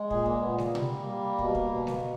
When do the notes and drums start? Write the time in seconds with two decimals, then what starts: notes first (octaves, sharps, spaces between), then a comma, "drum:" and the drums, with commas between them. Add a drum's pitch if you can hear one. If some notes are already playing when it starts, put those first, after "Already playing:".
Already playing: G#3
0.10 A#2 G#4, drum: kick
0.25 A#3, drum: kick
0.41 A#2 B3
0.58 A#3, drum: snare G#3
0.75 G3, drum: tom B2
1.06 G3
1.39 B2, drum: kick
1.55 drum: kick
1.71 B2
1.87 drum: snare G#3